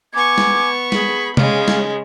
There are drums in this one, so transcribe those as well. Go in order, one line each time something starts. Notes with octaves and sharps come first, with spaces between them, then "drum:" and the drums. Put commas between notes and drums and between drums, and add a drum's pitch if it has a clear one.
B3 G#5 C#6 D6 G#6
drum: snare G#3
G#4 B5, drum: snare G#3
C#3 G#3 C#5 F5 F6, drum: tom C3
drum: snare G#3